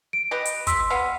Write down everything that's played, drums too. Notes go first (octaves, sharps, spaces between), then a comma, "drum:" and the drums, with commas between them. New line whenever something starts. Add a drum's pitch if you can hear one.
D7
G4 B4 D#5
drum: hi-hat
C6 E6 B6, drum: kick, hi-hat
G3 B3 F5